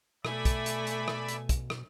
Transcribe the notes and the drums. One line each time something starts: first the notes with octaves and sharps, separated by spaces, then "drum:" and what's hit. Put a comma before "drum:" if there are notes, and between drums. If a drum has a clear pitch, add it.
B2 A3 D5 E5 G#5 B5, drum: rim click
drum: kick, hi-hat
drum: hi-hat
drum: hi-hat
drum: rim click
drum: hi-hat
drum: kick, hi-hat
drum: rim click